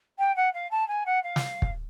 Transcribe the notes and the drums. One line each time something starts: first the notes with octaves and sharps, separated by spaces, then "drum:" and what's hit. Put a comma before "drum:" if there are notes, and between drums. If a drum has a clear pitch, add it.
G5
F#5
F5
A5
G#5
F#5
F5
drum: snare
drum: kick